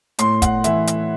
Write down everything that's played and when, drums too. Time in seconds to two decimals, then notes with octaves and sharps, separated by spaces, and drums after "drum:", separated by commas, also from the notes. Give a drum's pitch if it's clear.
0.19 A2 C6, drum: hi-hat
0.42 F#5, drum: kick, hi-hat
0.64 E3 E5, drum: hi-hat
0.87 drum: hi-hat